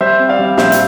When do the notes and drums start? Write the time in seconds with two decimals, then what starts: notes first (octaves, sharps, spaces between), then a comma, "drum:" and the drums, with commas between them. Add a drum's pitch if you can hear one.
0.01 G3 C5 E5
0.19 C4
0.29 D5 F5
0.39 G3
0.57 A#1 C5 E5, drum: snare
0.72 drum: hi-hat